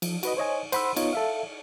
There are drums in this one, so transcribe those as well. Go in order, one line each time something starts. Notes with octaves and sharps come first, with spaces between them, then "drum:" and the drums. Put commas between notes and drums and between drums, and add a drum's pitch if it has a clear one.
F3, drum: cymbal
F#4 B4 D#5, drum: cymbal
C5 C#5 D#5 G#5
C5 F#5 B5 C6 E6, drum: cymbal
B3 D#4 F4 C#5 D#5, drum: cymbal
A4 E5 F5